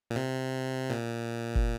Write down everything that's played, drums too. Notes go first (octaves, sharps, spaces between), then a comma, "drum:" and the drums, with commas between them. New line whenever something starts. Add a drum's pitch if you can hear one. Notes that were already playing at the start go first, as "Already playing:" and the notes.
A#2
C3
A#2
drum: kick